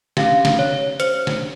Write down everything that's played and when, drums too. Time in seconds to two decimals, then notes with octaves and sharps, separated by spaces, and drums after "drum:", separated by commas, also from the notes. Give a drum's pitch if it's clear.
0.17 C#4 G4 F5, drum: snare
0.45 drum: snare
0.59 C#5
1.00 C5, drum: hi-hat
1.27 drum: snare